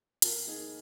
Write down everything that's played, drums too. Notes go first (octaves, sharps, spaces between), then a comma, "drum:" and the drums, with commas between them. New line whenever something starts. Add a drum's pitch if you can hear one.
F2 F4 A#4, drum: hi-hat
D#3 A#3 D#4 G#4